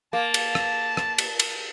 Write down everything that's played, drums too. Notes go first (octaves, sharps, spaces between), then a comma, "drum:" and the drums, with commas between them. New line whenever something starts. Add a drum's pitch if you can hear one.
A#3 A5
drum: cymbal
drum: rim click
drum: rim click
drum: cymbal
drum: cymbal